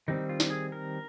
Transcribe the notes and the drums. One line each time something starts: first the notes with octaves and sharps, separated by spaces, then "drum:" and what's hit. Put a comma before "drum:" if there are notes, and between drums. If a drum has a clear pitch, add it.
D#3 G3 C4 D#4
F4
drum: snare
G#4
A#4